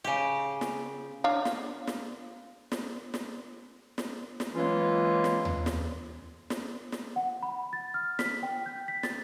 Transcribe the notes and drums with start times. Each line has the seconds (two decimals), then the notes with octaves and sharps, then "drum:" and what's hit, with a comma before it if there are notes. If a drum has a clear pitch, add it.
0.04 C#3 G4
0.61 drum: snare
1.24 D4 C#5 F5
1.45 drum: snare
1.87 drum: snare
2.72 drum: snare
3.14 drum: snare
3.98 drum: snare
4.40 drum: snare
4.55 E3 F#3 G#3 A#3 C#4 F4
5.24 drum: snare
5.45 drum: tom D#2
5.66 drum: snare
6.50 drum: snare
6.92 drum: snare
7.16 F#5
7.43 B5
7.73 A6
7.94 F6
8.19 B6, drum: snare
8.43 G5
8.66 G6
8.88 B6
9.03 A6, drum: snare